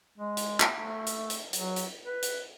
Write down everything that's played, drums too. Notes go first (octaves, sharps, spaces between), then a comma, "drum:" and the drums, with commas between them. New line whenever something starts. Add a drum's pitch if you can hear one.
G#3
drum: hi-hat
drum: clap
A3
drum: hi-hat
drum: hi-hat
F#3, drum: hi-hat
drum: hi-hat
B4
drum: hi-hat